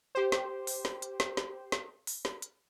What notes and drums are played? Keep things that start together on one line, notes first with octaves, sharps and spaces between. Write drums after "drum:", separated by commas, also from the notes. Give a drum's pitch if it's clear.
G4 C5
drum: snare
drum: open hi-hat
drum: snare
drum: hi-hat
drum: snare
drum: snare
drum: snare
drum: open hi-hat
drum: snare
drum: hi-hat